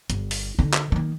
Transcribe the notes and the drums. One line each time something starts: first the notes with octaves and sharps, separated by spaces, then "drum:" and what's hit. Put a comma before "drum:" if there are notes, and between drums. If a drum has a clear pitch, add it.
G1, drum: hi-hat
drum: open hi-hat
D3 D#4
drum: clap
D#3 A#3